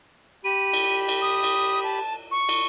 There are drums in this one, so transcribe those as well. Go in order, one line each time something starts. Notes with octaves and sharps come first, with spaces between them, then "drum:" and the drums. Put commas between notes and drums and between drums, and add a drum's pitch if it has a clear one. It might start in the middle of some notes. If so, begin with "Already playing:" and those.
G4 B5 D#7
drum: cymbal
drum: cymbal
D#6
drum: cymbal
A5
C#6
drum: cymbal